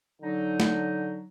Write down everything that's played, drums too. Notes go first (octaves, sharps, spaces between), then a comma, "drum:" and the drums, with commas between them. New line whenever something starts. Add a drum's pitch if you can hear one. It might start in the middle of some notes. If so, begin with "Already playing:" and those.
D3 F#3 D#4
drum: snare